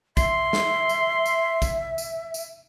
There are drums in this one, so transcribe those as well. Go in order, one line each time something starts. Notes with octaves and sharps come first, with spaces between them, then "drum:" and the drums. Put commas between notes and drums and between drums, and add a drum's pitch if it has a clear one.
E5 C6, drum: kick A#1, tambourine
drum: snare
drum: tambourine
drum: tambourine
drum: kick A#1, tambourine
drum: tambourine
drum: tambourine